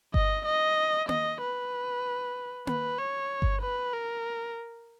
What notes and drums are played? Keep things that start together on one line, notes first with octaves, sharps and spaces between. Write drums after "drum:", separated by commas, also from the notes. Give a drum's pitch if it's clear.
D#5, drum: kick G1
D#5
D#5, drum: tom A#3
B4
B4, drum: tom A#3
C#5
drum: kick G1
B4
A#4